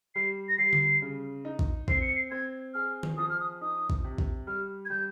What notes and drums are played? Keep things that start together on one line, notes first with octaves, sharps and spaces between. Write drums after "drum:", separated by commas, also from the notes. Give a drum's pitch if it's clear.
G3 C7
A#6
G3 C7
drum: tom D3
C#3
D#4
drum: kick
C4 C7, drum: kick
C#7
C7
C4 G#6
G#4 F6
drum: tom D#3
F3 D#6
F6
D#6
D#4 D#6
drum: kick
C3
drum: kick
G3 F6
G#6
G3 G6